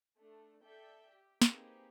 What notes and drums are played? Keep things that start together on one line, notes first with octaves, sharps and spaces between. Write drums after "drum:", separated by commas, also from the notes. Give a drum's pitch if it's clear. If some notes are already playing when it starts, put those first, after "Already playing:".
A3 D4
A4 D5 E5 G5 G6
G4
A#3 C4 D#4 G4 G#4 B4, drum: snare